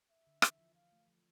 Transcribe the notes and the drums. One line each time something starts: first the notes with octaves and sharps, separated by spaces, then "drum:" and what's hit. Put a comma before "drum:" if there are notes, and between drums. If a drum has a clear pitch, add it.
E5
D3
E3, drum: rim click
F3
F3 F5
A3
F3